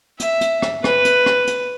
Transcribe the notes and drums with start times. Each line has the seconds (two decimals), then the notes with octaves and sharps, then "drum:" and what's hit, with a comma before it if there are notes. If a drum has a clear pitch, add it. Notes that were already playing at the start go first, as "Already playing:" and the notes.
0.20 E5, drum: hi-hat
0.41 drum: hi-hat
0.62 drum: rim click
0.84 B4, drum: rim click
1.05 drum: hi-hat
1.26 drum: rim click
1.48 drum: hi-hat